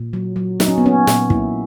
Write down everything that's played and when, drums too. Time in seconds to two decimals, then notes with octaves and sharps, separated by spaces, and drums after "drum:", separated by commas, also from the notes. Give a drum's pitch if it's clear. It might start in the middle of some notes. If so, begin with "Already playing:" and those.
Already playing: A#2
0.13 F#3
0.36 F#3
0.60 F#3 D#4, drum: snare
0.68 C#4
0.78 B3
0.83 A#3 C#4
1.07 A#2, drum: snare
1.30 A#3 E4, drum: kick